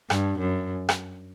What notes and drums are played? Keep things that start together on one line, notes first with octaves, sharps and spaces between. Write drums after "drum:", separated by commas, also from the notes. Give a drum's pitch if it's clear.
G2, drum: rim click
F#2
drum: rim click